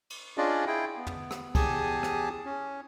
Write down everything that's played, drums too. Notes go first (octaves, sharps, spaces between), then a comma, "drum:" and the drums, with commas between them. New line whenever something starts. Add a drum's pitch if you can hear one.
drum: cymbal
C#4 D4 F4 G#4 D5 D#5
E4 G#4 G5
B3
drum: tom
drum: rim click
E2 G4 G#4 G#5 A5 D#6, drum: kick, cymbal
drum: rim click
C#4